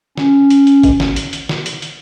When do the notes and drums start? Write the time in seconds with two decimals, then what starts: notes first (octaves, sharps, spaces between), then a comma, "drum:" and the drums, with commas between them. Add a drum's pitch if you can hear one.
0.17 C#4, drum: snare
0.50 drum: hi-hat
0.67 drum: hi-hat
0.83 drum: kick G#1, hi-hat
1.00 drum: snare
1.16 drum: hi-hat
1.33 drum: hi-hat
1.49 drum: snare
1.66 drum: hi-hat
1.82 drum: hi-hat